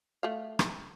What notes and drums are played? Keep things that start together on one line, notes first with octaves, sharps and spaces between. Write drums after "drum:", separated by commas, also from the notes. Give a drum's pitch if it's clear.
A3 F5
drum: rim click